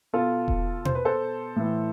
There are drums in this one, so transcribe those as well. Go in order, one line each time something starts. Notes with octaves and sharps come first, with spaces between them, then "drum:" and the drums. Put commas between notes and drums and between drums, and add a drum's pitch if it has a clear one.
B2 F4 A4
drum: kick E1
C5, drum: tom B2
B4
A4 C5
A2 E3